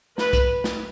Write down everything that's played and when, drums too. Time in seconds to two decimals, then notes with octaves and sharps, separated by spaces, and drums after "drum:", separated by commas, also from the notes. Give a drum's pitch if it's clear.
0.18 B4, drum: snare
0.33 drum: kick C2, hi-hat
0.64 drum: snare